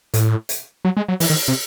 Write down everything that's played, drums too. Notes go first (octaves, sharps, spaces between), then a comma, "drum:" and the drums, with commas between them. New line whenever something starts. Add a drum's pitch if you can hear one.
A2, drum: hi-hat
drum: hi-hat
F#3
G#3
F#3
E3, drum: open hi-hat
D#3
C3